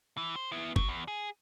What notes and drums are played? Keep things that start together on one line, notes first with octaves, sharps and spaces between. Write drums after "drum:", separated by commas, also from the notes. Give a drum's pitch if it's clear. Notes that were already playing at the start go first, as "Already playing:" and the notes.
E3
C5
B3 E4
F#3, drum: kick
E2
G#4